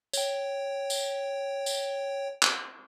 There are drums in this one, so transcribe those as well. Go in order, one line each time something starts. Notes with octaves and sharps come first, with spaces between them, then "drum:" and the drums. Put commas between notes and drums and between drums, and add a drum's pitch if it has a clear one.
C#5 G5, drum: tambourine
drum: tambourine
drum: tambourine
drum: clap